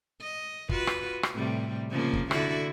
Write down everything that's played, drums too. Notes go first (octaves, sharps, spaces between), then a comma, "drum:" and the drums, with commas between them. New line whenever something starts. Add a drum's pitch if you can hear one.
D#5
F4 F#4 B4, drum: kick
drum: rim click
drum: rim click
A2 C3 G3
C#3 F3 A#3
drum: kick
D3 E4 F#4, drum: rim click